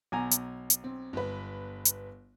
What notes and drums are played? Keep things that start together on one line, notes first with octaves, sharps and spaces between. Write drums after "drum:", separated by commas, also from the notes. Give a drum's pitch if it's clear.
B1 G#5 A#5
drum: hi-hat
drum: hi-hat
C4
G1 B4
drum: hi-hat